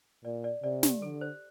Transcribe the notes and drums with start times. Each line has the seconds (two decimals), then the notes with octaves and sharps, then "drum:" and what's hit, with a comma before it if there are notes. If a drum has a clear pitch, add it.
0.24 A#2 D5
0.44 D5
0.63 C3 D5
0.83 G4, drum: snare
1.02 D3 A4
1.21 C5